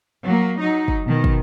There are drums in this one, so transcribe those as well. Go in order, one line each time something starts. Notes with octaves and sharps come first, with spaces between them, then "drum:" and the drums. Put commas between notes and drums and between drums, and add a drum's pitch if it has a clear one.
F#3 A#3
F#3 D#4
drum: kick
B2 D#3
drum: kick